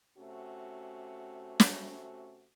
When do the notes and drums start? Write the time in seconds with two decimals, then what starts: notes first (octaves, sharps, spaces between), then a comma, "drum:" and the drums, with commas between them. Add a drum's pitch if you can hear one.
0.18 C3 A3 C#4 F#4
1.60 drum: snare